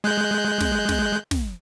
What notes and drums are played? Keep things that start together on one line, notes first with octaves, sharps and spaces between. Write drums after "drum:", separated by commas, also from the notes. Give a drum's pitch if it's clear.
G#3 F#6 G6
drum: snare
drum: snare
drum: snare